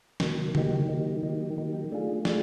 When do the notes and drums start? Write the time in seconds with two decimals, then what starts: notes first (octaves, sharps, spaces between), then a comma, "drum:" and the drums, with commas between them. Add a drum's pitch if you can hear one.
0.20 C3 D#3 F#3 A#3, drum: snare
0.55 D#3 F#3 A#3 D#4 G4, drum: tom C#3
0.89 D#3 F#3 A#3 D#4 G4
1.23 D#3 F#3 A#3 D#4 G4
1.57 D#3 F#3 A#3 D#4 G4
1.92 A3 D4 F4 G#4
2.25 A3 D4 F4 G#4, drum: snare